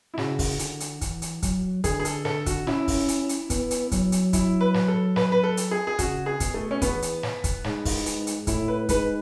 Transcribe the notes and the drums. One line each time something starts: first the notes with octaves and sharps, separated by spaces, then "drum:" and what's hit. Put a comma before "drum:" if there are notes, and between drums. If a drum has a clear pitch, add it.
E4
C#3 F#4, drum: snare
drum: kick, open hi-hat
D3, drum: hi-hat
drum: hi-hat
E3, drum: kick, hi-hat
drum: hi-hat
F#3, drum: kick, hi-hat
D3 G#4, drum: kick, hi-hat
G#4
A4, drum: hi-hat
A4, drum: snare
F#4, drum: kick, hi-hat
C#4 E4, drum: snare
drum: kick, open hi-hat
drum: hi-hat
drum: hi-hat
B3, drum: kick, hi-hat
drum: hi-hat
F#3, drum: kick, hi-hat
drum: hi-hat
E4, drum: kick, hi-hat
B4
drum: snare
A4
B4, drum: snare
B4
A4
drum: hi-hat
G#4
G#4
C#3 F#4, drum: kick, hi-hat
G#4
B2, drum: kick, hi-hat
A3
C#4
E2 B3, drum: kick, hi-hat
drum: hi-hat
drum: snare
drum: kick, hi-hat
G#2, drum: snare
drum: kick, open hi-hat
drum: hi-hat
drum: hi-hat
A2 E4, drum: kick, hi-hat
B4
G#2 B4, drum: kick, hi-hat